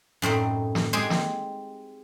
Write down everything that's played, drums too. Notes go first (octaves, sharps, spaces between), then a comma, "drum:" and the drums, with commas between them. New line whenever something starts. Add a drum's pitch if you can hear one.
F#2 A2 C4 D#4
drum: snare
G#3 C4 G4 G#4
drum: snare